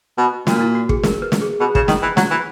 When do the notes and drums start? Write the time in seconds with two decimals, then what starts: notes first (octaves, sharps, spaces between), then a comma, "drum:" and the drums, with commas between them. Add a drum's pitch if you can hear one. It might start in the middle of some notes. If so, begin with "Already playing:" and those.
0.18 B2
0.47 A#2 F#4, drum: snare
0.60 E4
0.75 F#4
0.89 G#4, drum: kick
1.03 A#4, drum: snare
1.22 B4
1.32 drum: snare
1.42 G#4
1.60 B2 G#4
1.75 C#3, drum: kick
1.88 D#3, drum: snare
2.03 E3
2.17 F#3, drum: snare
2.31 E3